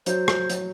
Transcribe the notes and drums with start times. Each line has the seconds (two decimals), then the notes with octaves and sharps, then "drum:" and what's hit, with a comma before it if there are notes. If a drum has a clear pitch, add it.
0.06 F#3 C5, drum: hi-hat
0.28 drum: rim click
0.50 F#3, drum: hi-hat